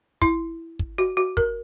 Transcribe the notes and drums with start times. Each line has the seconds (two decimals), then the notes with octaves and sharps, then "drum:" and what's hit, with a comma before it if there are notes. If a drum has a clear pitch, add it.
0.22 E4, drum: kick
0.79 drum: kick
0.98 F#4
1.17 F#4
1.37 A#4, drum: kick